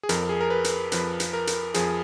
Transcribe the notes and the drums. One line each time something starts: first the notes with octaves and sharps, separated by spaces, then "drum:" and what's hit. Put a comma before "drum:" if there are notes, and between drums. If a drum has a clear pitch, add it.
G#4
F2 F3 A#4, drum: hi-hat
G#4
A#4
B4
drum: hi-hat
F2 F3 B4, drum: hi-hat
drum: hi-hat
A#4
drum: hi-hat
F2 F3 G#4, drum: hi-hat